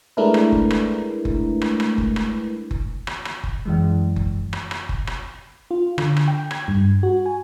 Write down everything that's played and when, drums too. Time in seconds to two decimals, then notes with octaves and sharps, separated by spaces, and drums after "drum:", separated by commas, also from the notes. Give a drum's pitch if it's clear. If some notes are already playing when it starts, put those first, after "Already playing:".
0.17 G#3 A3 D4 E4 A#4 B4
0.34 drum: rim click
0.52 drum: kick F#1
0.70 drum: rim click
1.25 drum: kick F#1
1.61 drum: rim click
1.80 drum: rim click
1.98 drum: kick F#1
2.16 drum: rim click
2.71 drum: kick F#1
3.07 drum: rim click
3.25 drum: rim click
3.43 drum: kick F#1
3.66 F#2 E3 G#3
4.16 drum: kick F#1
4.53 drum: rim click
4.71 drum: rim click
4.89 drum: kick F#1
5.07 drum: rim click
5.71 F4
5.98 D3, drum: rim click
6.16 drum: rim click
6.28 G5
6.51 G#6, drum: rim click
6.68 G2
7.03 F#4
7.26 G#5